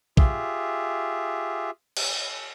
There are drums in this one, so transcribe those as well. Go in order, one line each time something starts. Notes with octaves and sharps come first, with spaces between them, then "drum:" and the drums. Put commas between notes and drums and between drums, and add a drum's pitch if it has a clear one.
F4 G4 G#4 E5, drum: kick
drum: cymbal